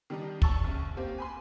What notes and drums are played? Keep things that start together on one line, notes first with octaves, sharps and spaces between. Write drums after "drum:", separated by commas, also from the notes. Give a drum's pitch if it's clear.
D#3 G3 D4 D#4
A5 C#6 E6 A6, drum: kick
A#1 C#3
A#3 C4 G4
G#5 B5 C6